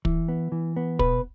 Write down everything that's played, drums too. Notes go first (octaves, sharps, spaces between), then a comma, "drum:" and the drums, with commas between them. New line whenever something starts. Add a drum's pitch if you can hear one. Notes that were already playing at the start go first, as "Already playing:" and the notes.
E3, drum: kick
B3
E3
B3
B2 B4, drum: kick